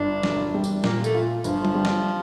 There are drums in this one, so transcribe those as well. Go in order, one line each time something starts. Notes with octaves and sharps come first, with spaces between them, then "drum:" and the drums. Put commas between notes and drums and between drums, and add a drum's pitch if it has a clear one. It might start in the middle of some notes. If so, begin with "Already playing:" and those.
Already playing: G1 D4
E1, drum: snare
G3
drum: tambourine
A#2 A#3, drum: snare
A3, drum: tambourine
F4
G1 F3, drum: tambourine
drum: tom F#3
G3
drum: snare